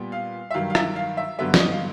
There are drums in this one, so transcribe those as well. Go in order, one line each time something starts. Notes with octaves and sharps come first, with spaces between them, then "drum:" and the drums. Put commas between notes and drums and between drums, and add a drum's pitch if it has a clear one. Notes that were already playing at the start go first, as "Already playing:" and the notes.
Already playing: A#2 G3 B3
F5
E5
G2 D#3 F#3 F5
F5
E5, drum: rim click
F5
E5
G2 D3 F#3 B3 E5
D5, drum: snare
D#5
F5